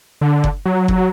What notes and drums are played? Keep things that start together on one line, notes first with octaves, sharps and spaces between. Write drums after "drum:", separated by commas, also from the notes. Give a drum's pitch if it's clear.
D3
drum: kick F#1
F#3
drum: kick F#1